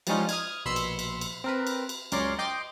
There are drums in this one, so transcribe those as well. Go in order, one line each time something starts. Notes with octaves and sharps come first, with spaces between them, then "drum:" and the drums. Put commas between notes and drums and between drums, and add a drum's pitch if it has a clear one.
F3 G3 G#3 C#4 D#4 F4, drum: cymbal
D#6 F6 G#6, drum: cymbal
A#1 B2 B5 C6 E6 C#7
drum: cymbal
drum: cymbal
drum: cymbal
C4 A#4 B4
drum: cymbal
drum: cymbal
C#2 F#2 A#4 C#5 D5 C6, drum: cymbal
D#5 G5 C6 D6